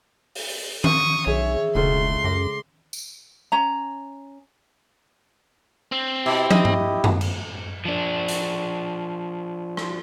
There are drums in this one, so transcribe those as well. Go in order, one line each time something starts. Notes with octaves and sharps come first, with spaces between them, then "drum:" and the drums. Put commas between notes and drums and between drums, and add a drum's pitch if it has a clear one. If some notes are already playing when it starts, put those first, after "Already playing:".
drum: open hi-hat
C#6 D#6, drum: tom D#3
B1 G#4 C#5 E5
E1 C#2 A3 C6
F#2 D6 A#6
drum: tambourine
C#4 A#5
C4
B2 E4 G4
D#5, drum: tom
drum: tom G2
drum: tom F#2
drum: cymbal
F3 D4
drum: hi-hat
drum: rim click